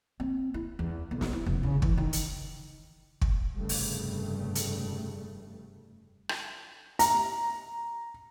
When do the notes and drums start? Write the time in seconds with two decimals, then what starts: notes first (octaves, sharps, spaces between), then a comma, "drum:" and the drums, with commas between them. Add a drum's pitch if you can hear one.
0.20 C4
0.54 E4
0.79 E2
1.11 B1
1.21 drum: snare
1.33 E4
1.46 F1
1.63 C#3
1.82 E3, drum: kick
1.98 D#3
2.13 drum: hi-hat
3.21 drum: kick
3.57 F1 G2 C#3 G3 A3
3.69 drum: open hi-hat
4.55 drum: hi-hat
6.29 drum: rim click
6.99 A#5, drum: hi-hat